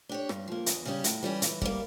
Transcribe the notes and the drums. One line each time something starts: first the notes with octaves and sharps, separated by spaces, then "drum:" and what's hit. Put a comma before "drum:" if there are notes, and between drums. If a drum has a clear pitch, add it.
D4 G4 C#5
G2, drum: rim click
F3 A#3
E2, drum: hi-hat
C#3 G3 C#4 G4
A2, drum: hi-hat
E3 G3 C#4 G4
E3, drum: hi-hat
G3 A#3, drum: kick